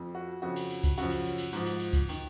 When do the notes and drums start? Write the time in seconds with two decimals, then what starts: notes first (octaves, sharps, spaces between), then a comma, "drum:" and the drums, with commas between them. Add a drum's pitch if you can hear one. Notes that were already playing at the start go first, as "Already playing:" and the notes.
Already playing: F2 F3
0.15 F#4
0.42 F2 C#3 F3 F#4
0.56 drum: cymbal
0.70 drum: cymbal
0.84 drum: kick C#2, cymbal
0.97 F#2 C#3 F3 F#4, drum: cymbal
1.11 drum: cymbal
1.25 drum: cymbal
1.38 drum: cymbal
1.53 G#2 F3, drum: cymbal
1.66 drum: cymbal
1.79 drum: cymbal
1.93 drum: kick C#2, cymbal
2.09 D#3, drum: cymbal